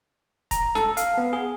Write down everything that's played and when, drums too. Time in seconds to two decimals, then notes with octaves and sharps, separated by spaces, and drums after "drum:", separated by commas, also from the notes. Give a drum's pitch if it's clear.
0.51 A#5, drum: kick, hi-hat
0.75 A4, drum: snare
0.97 F5, drum: hi-hat
1.18 B3
1.33 G#4